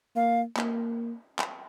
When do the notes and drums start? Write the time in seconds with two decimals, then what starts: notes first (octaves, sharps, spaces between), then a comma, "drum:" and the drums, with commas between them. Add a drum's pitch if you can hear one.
0.15 A#3 F5
0.57 A#3, drum: clap
1.39 drum: clap